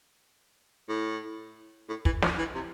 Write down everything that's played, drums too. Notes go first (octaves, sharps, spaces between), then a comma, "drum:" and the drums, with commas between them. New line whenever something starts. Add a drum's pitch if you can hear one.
A2
A2
E3, drum: kick
F3, drum: snare
E3
C3